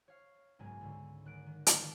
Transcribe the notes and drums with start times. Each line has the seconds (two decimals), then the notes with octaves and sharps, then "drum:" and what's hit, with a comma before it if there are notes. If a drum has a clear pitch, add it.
0.08 C#5 F5
0.59 F#1 B1 G#2 G#3 G#5
0.81 C#2 G#2 D3
1.25 G#1 F#6 D7
1.46 D#3
1.67 drum: hi-hat